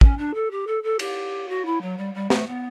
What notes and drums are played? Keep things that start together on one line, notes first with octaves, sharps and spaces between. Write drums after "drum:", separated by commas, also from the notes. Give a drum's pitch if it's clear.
C#4, drum: kick
D4
A4
G4
A4
A4
G4, drum: cymbal
F#4
E4
F#3
G3
G3
A3, drum: snare
B3